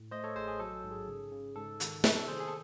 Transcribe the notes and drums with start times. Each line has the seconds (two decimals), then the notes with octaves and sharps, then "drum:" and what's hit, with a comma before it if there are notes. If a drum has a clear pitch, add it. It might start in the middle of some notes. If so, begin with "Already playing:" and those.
Already playing: A2
0.11 A3 C5 D#5
0.24 A4 C#5
0.36 A1 G#4 C5
0.48 G#4
0.60 F#3 A4
0.84 G#2
0.92 G#4
1.08 C#3
1.31 C#3
1.56 G#2 A4
1.80 D#3, drum: hi-hat
2.04 C3 A4, drum: snare
2.16 A4
2.28 D#3 G#4 C5
2.40 G#4
2.48 A4